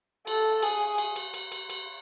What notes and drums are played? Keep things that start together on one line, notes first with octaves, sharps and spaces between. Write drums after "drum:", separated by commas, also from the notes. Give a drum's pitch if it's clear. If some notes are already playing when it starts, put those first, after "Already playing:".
A4, drum: cymbal
G#4, drum: cymbal
drum: cymbal
drum: cymbal
drum: cymbal
drum: cymbal
drum: cymbal